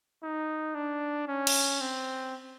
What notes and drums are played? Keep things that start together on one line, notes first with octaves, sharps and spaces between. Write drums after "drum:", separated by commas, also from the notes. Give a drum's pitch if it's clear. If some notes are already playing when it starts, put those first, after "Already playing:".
D#4
D4
C#4
drum: cymbal
C4